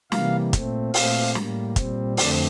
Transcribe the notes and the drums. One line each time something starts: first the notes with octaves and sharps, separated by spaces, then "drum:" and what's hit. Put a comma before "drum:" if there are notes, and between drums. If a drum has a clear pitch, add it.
C3 E3 G3 A#3 F5, drum: snare
A#2 A3 C4, drum: kick, hi-hat
A#2 A3 C4 F5, drum: open hi-hat
A2 G3 A#3, drum: snare
A#2 G3 C4, drum: kick, hi-hat
F2 D3 A3 C4 D5, drum: open hi-hat